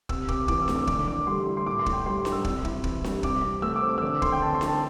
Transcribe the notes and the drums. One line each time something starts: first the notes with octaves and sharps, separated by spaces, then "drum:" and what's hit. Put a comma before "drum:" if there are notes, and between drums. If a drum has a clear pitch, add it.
C3 E6, drum: kick
C3 D6, drum: kick
E3 D6, drum: kick
E6
A3, drum: snare D4
D6
D3 D6, drum: kick
D3 D6
G3 C6
E4
C6
A2 D6
C6
A2, drum: kick
G5
G3 C6
E4, drum: snare D4
E6
C3, drum: kick
E4, drum: kick
E3, drum: kick
G3, drum: snare D4
C3 D6, drum: kick
C3
A3 E6
D6
C4
D6
E6
D3 D6
D3 C6, drum: kick
G5
C4 A5
C6
E4, drum: snare D4
A5